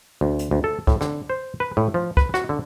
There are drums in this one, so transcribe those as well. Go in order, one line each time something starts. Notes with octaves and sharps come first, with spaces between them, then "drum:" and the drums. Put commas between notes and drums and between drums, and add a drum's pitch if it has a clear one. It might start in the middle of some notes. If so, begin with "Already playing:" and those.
D2
drum: hi-hat
D2
A4
A2, drum: kick
D3, drum: rim click
C5
B4
A2
F3
B4, drum: kick
F#4, drum: rim click
D3